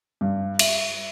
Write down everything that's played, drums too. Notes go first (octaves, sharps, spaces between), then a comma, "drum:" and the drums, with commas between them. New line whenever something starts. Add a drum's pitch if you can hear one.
G2
E5, drum: cymbal